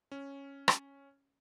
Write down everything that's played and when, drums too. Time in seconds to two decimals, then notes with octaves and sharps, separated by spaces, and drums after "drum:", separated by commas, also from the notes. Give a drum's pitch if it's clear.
0.12 C#4
0.68 drum: rim click